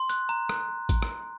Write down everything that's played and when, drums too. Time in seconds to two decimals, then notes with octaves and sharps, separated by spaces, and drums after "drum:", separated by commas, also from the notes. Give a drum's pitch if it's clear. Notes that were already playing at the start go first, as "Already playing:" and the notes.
Already playing: C6
0.09 F#6, drum: hi-hat
0.29 A#5
0.49 F#6, drum: rim click
0.89 drum: kick A1, hi-hat
1.02 drum: rim click